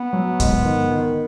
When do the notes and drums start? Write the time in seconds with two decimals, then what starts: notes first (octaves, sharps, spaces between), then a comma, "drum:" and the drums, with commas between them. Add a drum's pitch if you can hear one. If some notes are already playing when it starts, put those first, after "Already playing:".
Already playing: B3
0.13 F#3
0.40 G#2, drum: kick, hi-hat
0.65 D#3
0.91 D#3